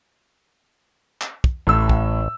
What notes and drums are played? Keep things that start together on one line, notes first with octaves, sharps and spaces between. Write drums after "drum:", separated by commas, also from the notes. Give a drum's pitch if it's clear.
drum: clap
drum: kick
A1 A2 E6
drum: kick